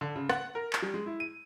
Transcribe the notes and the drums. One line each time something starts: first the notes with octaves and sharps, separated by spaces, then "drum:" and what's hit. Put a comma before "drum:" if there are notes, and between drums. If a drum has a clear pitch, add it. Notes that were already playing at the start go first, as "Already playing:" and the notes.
D3
C#3
F#5, drum: rim click
A#4
drum: clap
G3
G#3
E4
D#7